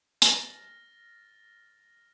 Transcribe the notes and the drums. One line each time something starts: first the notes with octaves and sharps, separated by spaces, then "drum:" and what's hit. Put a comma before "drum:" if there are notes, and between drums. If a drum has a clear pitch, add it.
F6 A6 A#6, drum: hi-hat